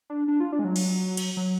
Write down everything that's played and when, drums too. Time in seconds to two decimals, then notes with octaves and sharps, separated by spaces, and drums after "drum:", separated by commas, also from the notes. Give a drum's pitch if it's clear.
0.10 D4
0.28 D4
0.40 F4
0.52 D4
0.59 G#3
0.64 F#3
0.76 drum: cymbal
1.17 drum: cymbal
1.37 F#3